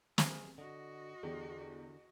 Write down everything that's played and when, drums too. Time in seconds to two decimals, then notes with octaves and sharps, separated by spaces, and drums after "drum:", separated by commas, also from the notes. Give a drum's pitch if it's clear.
0.18 G#4, drum: snare
0.58 D3 F#4 D#5
1.23 E2 D3 G4 G#4 D5